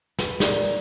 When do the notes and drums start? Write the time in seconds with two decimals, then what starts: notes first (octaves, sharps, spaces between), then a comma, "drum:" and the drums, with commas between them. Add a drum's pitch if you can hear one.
0.19 B4, drum: snare
0.40 A#2, drum: snare